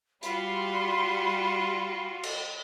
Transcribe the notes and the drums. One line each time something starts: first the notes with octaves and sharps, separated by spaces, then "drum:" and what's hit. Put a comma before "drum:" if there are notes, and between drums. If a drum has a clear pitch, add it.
G3 F4 F#4 B5 C6, drum: hi-hat
drum: cymbal